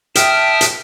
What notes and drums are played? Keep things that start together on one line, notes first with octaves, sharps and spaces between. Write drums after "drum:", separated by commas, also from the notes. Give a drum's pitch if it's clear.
E5 G5 A5 D#6 F6, drum: hi-hat
drum: hi-hat